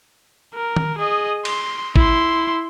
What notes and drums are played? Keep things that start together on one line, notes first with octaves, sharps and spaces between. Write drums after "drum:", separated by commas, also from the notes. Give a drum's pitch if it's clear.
A#4
drum: tom D#3
G#4 D#5
C6, drum: cymbal
E4 C6, drum: kick